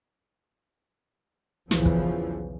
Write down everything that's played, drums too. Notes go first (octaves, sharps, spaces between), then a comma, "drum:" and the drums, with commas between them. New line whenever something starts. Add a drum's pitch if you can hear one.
B1 E2 C#3 E3 F3, drum: snare
drum: kick